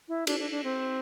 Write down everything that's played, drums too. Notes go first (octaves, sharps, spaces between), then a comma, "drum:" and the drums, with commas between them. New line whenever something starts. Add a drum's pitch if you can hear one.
E4
D4, drum: cymbal
D4
D4
C4